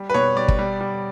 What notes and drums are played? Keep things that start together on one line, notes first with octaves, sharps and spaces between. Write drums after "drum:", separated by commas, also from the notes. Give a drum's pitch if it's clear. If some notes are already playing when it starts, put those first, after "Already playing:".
Already playing: G3
B4
B2 C#5
G3 D5
drum: kick
G3
G3